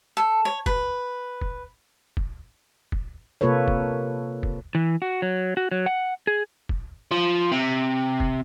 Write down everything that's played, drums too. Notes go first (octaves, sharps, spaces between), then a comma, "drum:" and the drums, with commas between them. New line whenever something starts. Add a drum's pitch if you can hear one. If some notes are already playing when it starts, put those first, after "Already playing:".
A4
C#5
B4, drum: kick
drum: kick
drum: kick
drum: kick
C3 A#3 F4 A4 B4 C#5
drum: kick
drum: kick
E3
F#4
F#3
F#4
F#3
F#5
G#4
drum: kick
F3
C3
drum: kick